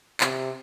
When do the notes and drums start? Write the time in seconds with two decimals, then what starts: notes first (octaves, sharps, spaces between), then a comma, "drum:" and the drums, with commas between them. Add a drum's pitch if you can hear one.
0.21 C3, drum: clap